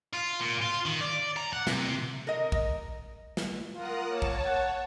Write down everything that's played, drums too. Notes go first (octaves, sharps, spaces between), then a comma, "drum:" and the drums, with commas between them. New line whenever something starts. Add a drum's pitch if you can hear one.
F4
A#2
F4
D#3
D5
A#5
F#5
C3, drum: snare
A#4 D#5
drum: kick
drum: snare
F4 A#4 F#5 D#6
A#3 C#5 A5
drum: kick
F#5